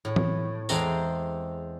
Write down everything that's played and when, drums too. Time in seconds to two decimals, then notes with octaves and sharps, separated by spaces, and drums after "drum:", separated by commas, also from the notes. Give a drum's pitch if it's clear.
0.05 A2
0.16 drum: tom E3
0.69 E2 G#3 C4 A4 A#5, drum: tambourine